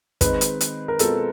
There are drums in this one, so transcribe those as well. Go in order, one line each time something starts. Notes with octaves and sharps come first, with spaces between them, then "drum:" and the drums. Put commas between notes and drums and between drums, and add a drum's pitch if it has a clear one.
D#3 G#3 C4 D#4 B4, drum: kick, hi-hat
drum: hi-hat
drum: hi-hat
A#4
B2 G#3 C4 F4 A4, drum: hi-hat